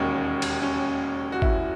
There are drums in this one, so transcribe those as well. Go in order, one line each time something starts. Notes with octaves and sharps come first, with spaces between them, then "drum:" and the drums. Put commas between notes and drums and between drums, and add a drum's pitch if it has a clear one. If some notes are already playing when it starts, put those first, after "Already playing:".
Already playing: E1 D#2 D#3 C#4
drum: cymbal
C#4
F#4
E4, drum: kick